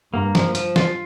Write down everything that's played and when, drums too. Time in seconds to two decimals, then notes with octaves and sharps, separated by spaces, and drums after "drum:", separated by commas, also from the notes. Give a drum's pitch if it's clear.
0.14 G2 A#3
0.35 F3, drum: snare
0.55 F3, drum: hi-hat
0.76 F4, drum: snare